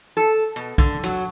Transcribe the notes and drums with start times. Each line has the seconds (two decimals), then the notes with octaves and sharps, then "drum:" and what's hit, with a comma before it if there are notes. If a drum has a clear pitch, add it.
0.17 A4
0.56 B2
0.78 D3, drum: kick
1.04 F#3, drum: hi-hat